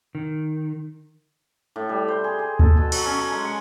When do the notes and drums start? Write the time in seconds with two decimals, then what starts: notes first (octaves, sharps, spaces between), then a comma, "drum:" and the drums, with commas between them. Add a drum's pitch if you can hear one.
0.15 D#3
1.76 A2
1.89 G3
2.08 C5
2.24 G#4
2.39 G#4
2.59 A4, drum: kick D2
2.77 B2
2.92 F#3, drum: cymbal
3.06 C#4
3.19 A#5
3.32 G#3
3.45 C#6